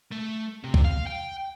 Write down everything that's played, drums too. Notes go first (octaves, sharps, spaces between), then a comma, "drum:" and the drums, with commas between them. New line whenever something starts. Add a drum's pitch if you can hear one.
A3
C3
drum: kick
F5
G5